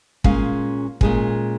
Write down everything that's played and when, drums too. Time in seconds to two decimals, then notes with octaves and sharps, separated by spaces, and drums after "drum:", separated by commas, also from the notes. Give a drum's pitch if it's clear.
0.24 A#2 G#3 C#4 F5, drum: kick
1.01 A#2 G#3 C#4, drum: kick